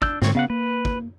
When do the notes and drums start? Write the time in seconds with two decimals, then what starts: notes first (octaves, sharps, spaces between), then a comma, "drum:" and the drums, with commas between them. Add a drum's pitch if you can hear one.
0.02 D4 E6 G6, drum: kick
0.22 G#2 D3 G#3 C4 C#5, drum: snare
0.35 C#3 B3 F5 F#5
0.50 A#3 B4
0.85 drum: kick